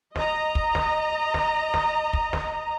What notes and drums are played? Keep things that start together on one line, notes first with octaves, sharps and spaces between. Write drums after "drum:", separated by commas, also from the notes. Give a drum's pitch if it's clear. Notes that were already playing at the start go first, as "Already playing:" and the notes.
D#5 A#5, drum: snare
drum: kick
drum: snare
drum: snare
drum: snare
drum: kick
drum: snare